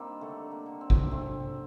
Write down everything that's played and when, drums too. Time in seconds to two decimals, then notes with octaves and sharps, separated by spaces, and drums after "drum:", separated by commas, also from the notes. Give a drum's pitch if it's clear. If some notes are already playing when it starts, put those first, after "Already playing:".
Already playing: D#3 G3 A#3 C4 D4
0.21 D3 A3
0.51 A#3
0.66 D3
0.81 C4
0.90 drum: kick A#1
1.11 A3 C4